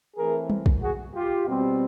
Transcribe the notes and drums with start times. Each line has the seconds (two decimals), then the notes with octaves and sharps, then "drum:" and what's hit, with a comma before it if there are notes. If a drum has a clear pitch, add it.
0.17 E3 A3 C4 G#4 A#4
0.50 drum: tom G3
0.66 drum: kick
0.82 F#4 G#4
1.15 F4 G4
1.47 B2 G3 C4